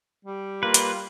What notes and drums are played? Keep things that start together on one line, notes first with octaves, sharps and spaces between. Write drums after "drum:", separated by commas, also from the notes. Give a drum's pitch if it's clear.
G3
A#3 F4 B4
drum: hi-hat